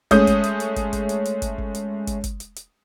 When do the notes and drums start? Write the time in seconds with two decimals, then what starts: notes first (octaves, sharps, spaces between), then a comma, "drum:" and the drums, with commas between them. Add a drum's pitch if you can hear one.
0.11 G#3 A3 C#4 D#6 G6, drum: kick, hi-hat
0.27 drum: kick, hi-hat
0.44 drum: hi-hat
0.60 drum: hi-hat
0.76 drum: kick, hi-hat
0.93 drum: kick, hi-hat
1.09 drum: hi-hat
1.25 drum: hi-hat
1.42 drum: kick, hi-hat
1.58 drum: kick
1.75 drum: hi-hat
2.07 drum: kick, hi-hat
2.24 drum: kick, hi-hat
2.40 drum: hi-hat
2.56 drum: hi-hat